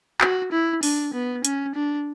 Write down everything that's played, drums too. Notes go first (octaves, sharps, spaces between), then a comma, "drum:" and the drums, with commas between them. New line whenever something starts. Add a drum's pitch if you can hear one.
F#4, drum: clap
E4
D4, drum: open hi-hat
B3
C#4, drum: hi-hat
D4